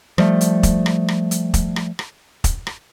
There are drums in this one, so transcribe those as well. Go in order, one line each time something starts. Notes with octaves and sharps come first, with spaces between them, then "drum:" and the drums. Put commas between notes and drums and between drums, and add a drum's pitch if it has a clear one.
F3 G3 A3, drum: rim click
drum: hi-hat
drum: kick, hi-hat
drum: rim click
drum: rim click
drum: hi-hat
drum: kick, hi-hat
drum: rim click
drum: rim click
drum: kick, hi-hat
drum: rim click